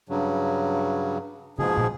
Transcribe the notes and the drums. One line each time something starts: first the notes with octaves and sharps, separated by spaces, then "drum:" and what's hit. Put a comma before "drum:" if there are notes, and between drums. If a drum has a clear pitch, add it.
G2 C#3 F#3
G#2 B2 F3 G#4, drum: tom
drum: tom